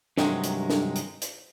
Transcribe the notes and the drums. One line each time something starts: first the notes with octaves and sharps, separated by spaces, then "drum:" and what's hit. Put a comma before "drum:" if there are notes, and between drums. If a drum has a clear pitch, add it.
G2 C3 D#3 F#3 G#3, drum: snare
drum: hi-hat
drum: snare
drum: hi-hat
drum: hi-hat